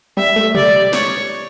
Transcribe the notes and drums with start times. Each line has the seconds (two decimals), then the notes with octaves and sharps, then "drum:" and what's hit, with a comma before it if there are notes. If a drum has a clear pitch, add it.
0.17 G3 E5
0.36 A3
0.55 G3 D5, drum: tom
0.93 C#5, drum: snare